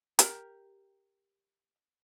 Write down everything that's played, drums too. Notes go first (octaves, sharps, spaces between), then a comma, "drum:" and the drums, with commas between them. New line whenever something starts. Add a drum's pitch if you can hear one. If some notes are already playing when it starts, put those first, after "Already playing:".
G4 A#4, drum: hi-hat